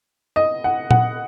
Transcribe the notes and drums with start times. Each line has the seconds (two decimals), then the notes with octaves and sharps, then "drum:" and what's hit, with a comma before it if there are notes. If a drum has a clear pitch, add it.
0.36 D#5
0.64 F#5
0.91 F#5, drum: tom A#2